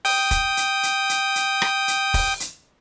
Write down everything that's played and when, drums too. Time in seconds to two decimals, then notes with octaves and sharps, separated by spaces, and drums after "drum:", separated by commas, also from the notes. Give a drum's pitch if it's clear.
0.05 G5 D#6, drum: open hi-hat
0.31 drum: kick, hi-hat
0.57 drum: hi-hat
0.83 drum: hi-hat
1.09 drum: hi-hat
1.36 drum: hi-hat
1.62 drum: rim click
1.88 drum: hi-hat
2.14 drum: kick, open hi-hat
2.40 drum: hi-hat